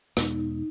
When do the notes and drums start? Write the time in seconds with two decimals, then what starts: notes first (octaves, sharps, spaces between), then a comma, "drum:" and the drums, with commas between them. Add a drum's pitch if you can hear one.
0.17 E2 B2 G#3 B3 D#4, drum: rim click